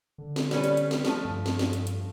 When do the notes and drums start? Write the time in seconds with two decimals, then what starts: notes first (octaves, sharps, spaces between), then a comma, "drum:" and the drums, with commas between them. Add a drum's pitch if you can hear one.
0.18 D3
0.36 drum: snare
0.51 G3 C#4 B4, drum: snare
0.64 drum: hi-hat
0.77 drum: hi-hat
0.91 drum: snare
1.05 F3 A3, drum: snare
1.25 G2
1.46 drum: snare
1.59 drum: snare
1.73 drum: hi-hat
1.87 drum: hi-hat